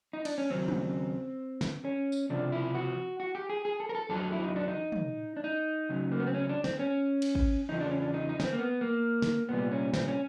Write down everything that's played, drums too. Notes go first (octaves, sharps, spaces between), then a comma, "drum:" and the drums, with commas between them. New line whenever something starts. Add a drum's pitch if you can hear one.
D#4
D4, drum: cymbal
C#4
D#2 C#3 F#3 C4
drum: tom
drum: snare
C#4
drum: tambourine
C#2 C3 F3 D4
E4
F#4
F#4
G4
G#4
G#4
A4
A#4
A4
F2 D3 F#3 A4
E4
D#4
D4
D#4
drum: tom
D4
D#4
D2 C#3 F#3
A#3
B3
C4
C#4
D4
C4, drum: snare
C#4
drum: cymbal
drum: kick
E2 C#3 F3 D#4
D4
C#4
D4
D#4
D#4
C#4, drum: snare
C4
A#3
B3
A#3
drum: snare
C2 A#2 G3 B3
C#4
C4, drum: snare
C#4